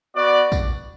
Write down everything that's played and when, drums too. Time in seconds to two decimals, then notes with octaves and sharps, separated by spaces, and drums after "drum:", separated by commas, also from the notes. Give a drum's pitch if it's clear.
0.15 B3 F#4 D5
0.52 drum: kick, tambourine